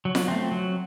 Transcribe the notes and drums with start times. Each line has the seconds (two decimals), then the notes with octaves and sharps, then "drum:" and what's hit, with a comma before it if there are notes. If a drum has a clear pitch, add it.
0.05 F#3
0.15 drum: snare F4
0.28 A3 C4
0.51 F#3